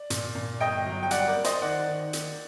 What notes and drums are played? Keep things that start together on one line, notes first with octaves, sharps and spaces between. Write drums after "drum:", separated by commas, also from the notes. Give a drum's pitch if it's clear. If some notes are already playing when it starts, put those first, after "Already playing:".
Already playing: D5
A#2, drum: hi-hat
A#2
G1 D#5 G5
F#3
G5
G3 D5 F#5, drum: hi-hat
A#4 D5
A#3
C5 D#5, drum: hi-hat
D#3 D5 F#5
D#3
A#3, drum: hi-hat